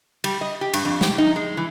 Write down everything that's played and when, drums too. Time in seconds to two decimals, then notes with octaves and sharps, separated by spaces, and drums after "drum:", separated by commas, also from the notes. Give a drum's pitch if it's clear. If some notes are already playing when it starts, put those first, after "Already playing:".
0.24 G3, drum: cymbal
0.41 D#5
0.61 G4
0.73 G2, drum: cymbal
0.85 F2
1.01 G4, drum: snare
1.18 D#4
1.36 G#3
1.57 E3